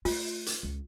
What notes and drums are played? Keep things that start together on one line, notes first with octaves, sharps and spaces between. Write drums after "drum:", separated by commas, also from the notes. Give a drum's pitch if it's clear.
A3 F4, drum: open hi-hat
drum: hi-hat
C#2